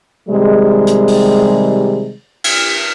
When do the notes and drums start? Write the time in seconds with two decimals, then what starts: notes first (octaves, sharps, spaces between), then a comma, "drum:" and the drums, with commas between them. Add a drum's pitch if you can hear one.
0.29 C3 D#3 G3 G#3
0.87 drum: hi-hat
1.08 drum: open hi-hat
2.44 drum: cymbal